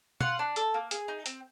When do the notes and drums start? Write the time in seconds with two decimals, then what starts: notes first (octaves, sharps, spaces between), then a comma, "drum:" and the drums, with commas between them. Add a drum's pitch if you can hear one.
0.21 F4 F#5, drum: tom
0.39 D4
0.56 A4, drum: hi-hat
0.74 A#3
0.91 G#4, drum: hi-hat
1.08 D#4
1.26 C4, drum: hi-hat